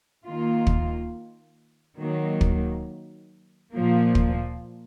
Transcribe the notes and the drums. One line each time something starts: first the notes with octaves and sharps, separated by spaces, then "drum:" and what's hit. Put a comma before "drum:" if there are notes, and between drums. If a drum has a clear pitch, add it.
D#3 A#3 F4
drum: kick
D#3 F#3 A#3
drum: kick
A#2 F3 A#3
drum: kick